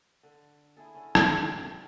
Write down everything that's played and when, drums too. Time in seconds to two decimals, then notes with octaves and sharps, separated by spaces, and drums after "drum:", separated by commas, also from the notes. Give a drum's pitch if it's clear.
0.23 D3
0.77 E4 G#4 A4
0.94 D3 C#4
1.15 B2 F3 A3, drum: rim click
1.61 G3 A#4